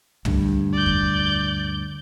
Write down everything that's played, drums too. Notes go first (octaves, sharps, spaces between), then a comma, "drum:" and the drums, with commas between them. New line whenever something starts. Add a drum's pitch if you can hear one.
D2 G2, drum: tom
D5 G6
drum: kick E2